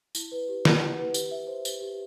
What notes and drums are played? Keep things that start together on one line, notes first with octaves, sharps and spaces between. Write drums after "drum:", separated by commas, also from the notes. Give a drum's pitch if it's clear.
E4, drum: tambourine
B4
G4
F#5, drum: snare
E4
B4
G4, drum: tambourine
E5
C5
G4, drum: tambourine
G4